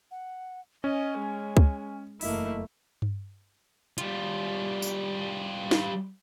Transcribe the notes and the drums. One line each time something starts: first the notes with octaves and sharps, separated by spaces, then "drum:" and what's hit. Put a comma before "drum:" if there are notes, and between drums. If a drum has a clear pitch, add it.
F#5
C#4 D#5 G#5
G#3
drum: kick C#2
F#1 E2 A3 A#3 E4 D#5, drum: open hi-hat
drum: tom G2
G3 F4, drum: hi-hat
drum: tambourine
drum: snare